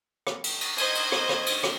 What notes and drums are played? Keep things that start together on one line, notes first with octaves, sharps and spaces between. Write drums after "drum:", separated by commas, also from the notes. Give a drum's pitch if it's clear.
drum: rim click
drum: cymbal
drum: cymbal
C5 D#5 G#6, drum: cymbal
drum: cymbal
drum: rim click
drum: rim click
drum: cymbal
drum: rim click